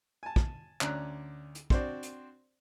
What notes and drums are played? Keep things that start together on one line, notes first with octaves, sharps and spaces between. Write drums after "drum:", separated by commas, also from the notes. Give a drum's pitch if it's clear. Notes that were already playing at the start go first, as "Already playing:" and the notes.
G#5 A5
drum: kick
D2 C#4 D4 A#5 F#6, drum: clap
drum: hi-hat
C4 D4 F#4 C5 D5, drum: kick
drum: hi-hat